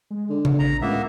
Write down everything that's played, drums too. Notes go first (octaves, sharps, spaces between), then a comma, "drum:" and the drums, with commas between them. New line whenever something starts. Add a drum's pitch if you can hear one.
G#3
D3
B2, drum: tom C#3
A1 A#5
C#2 A2 A#3 B3 E5